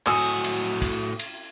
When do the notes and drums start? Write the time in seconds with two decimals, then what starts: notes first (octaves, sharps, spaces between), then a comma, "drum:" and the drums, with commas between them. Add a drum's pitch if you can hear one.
0.07 A2 F#4 G#5 D#6 E6, drum: clap
0.44 drum: cymbal
0.82 drum: kick, cymbal
1.19 drum: cymbal